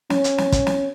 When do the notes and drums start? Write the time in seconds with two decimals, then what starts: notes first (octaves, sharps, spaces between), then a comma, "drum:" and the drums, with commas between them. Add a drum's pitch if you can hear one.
0.10 C#4, drum: snare
0.24 drum: hi-hat
0.38 drum: snare
0.52 drum: kick, hi-hat
0.67 drum: snare